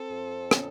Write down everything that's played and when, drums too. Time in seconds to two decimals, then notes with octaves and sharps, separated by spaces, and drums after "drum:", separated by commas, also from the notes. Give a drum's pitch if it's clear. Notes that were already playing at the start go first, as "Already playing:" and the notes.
Already playing: C4 A4
0.11 F2
0.51 C#4, drum: rim click